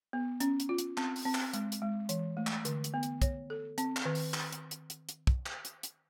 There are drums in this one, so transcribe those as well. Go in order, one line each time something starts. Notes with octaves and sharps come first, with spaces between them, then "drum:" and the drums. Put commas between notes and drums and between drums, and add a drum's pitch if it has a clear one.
B3
C#4, drum: hi-hat
drum: hi-hat
F4
drum: hi-hat
C4, drum: clap
drum: open hi-hat
C4
drum: clap
G#3, drum: hi-hat
drum: hi-hat
G#3
E3, drum: hi-hat
A3
drum: clap
D3, drum: hi-hat
drum: hi-hat
B3
drum: hi-hat
C#5, drum: kick, hi-hat
A4
C4, drum: hi-hat
drum: clap
D#3
drum: open hi-hat
drum: clap
drum: hi-hat
drum: hi-hat
drum: hi-hat
drum: hi-hat
drum: kick
drum: clap
drum: hi-hat
drum: hi-hat